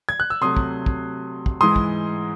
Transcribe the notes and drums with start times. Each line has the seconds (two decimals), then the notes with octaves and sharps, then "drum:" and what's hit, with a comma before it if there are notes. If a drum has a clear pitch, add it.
0.09 G#6
0.20 F#6
0.30 E6
0.41 C3 F#3 A3 C6 D#6
0.57 drum: kick
0.86 drum: kick
1.46 drum: kick
1.61 G#2 E3 G#3 C6 D#6
1.76 drum: kick